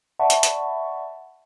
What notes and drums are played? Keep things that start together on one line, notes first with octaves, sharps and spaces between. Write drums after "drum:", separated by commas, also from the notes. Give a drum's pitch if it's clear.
D5 E5 F#5 A5 B5 C#6
drum: hi-hat
drum: hi-hat